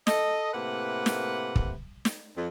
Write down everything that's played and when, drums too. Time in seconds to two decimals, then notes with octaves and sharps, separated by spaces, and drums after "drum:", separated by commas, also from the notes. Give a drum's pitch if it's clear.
0.07 A4 D#5, drum: snare
0.54 A2 C3 A#3 B4 F#5
1.06 drum: snare
1.56 drum: kick
2.05 drum: snare
2.36 F2